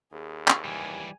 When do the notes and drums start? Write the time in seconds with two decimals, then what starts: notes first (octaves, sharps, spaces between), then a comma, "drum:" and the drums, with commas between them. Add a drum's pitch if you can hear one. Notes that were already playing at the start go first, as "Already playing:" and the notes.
0.12 D#2 G#4
0.48 drum: clap
0.65 E3 G3 G#5